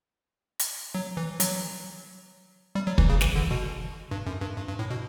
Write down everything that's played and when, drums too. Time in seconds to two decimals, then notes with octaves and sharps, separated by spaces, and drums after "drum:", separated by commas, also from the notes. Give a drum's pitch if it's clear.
0.59 drum: hi-hat
0.95 F#3
1.17 E3
1.40 F#3, drum: hi-hat
2.75 G3
2.87 F#3
2.98 E3, drum: kick
3.09 C#3
3.21 E3, drum: snare
3.36 D3
3.51 B2
4.11 G2
4.26 F#2
4.41 G2
4.57 G2
4.68 G2
4.79 A2
4.90 B2